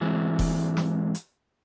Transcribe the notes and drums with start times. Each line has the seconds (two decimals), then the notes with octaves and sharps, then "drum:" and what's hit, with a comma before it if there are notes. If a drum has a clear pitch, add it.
0.01 G#2 E3 G#3 C4
0.39 drum: kick E1, open hi-hat
0.77 drum: snare
1.15 drum: hi-hat